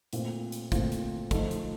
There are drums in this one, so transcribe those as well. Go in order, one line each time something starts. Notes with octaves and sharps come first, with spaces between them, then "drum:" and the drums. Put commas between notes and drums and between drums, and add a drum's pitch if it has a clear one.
A#2 A3 C4 F4, drum: hi-hat
drum: hi-hat
A#2 A3 C4 F4, drum: kick, hi-hat
drum: hi-hat
F3 A3 D#4 A4, drum: kick, hi-hat
drum: hi-hat